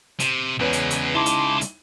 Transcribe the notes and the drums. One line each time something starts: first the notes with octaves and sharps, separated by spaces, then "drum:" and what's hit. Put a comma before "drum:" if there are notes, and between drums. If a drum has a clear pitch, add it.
C3, drum: hi-hat
E2 C#3 G#3 B4 C#5
drum: hi-hat
drum: hi-hat
D#4 E4 A5 C6 D6
drum: hi-hat
drum: hi-hat